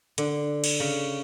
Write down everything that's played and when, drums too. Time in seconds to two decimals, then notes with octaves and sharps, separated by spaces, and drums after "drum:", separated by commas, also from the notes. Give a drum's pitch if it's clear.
0.18 D3, drum: hi-hat
0.64 drum: cymbal
0.80 C#3